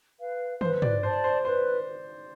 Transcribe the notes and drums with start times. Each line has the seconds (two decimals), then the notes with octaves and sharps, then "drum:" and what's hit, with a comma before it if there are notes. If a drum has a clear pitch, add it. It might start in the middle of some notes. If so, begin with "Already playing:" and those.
0.18 B4 F5
0.61 B4 C5, drum: tom
0.82 D5, drum: tom
1.02 C5 D5 A5
1.24 C5
1.44 B4 C5